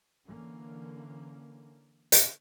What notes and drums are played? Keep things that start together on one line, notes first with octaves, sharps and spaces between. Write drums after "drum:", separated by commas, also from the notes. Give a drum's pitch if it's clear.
D3 E3 A#3 C#4
drum: hi-hat